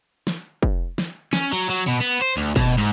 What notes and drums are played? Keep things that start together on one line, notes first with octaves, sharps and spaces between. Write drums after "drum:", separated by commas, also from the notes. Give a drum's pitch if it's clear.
drum: snare
drum: kick
drum: snare
C#4, drum: snare
F#3
F#3
B2
B3
C5
D2
B2, drum: kick
G#2